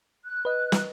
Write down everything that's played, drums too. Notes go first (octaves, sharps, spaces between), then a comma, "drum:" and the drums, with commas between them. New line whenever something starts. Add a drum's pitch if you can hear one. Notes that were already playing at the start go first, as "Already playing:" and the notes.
F#6
B4 D#5
drum: snare